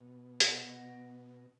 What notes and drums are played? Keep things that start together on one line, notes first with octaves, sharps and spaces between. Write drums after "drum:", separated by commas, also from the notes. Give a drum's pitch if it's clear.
B2
B3 D#5 F#5, drum: hi-hat